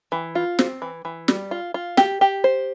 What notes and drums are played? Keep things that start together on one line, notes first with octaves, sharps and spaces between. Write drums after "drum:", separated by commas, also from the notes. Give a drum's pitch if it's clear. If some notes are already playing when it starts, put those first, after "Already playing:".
E3
F4
C4, drum: snare
E3
E3
G3, drum: snare
F4
F4
G4, drum: snare
G4
C5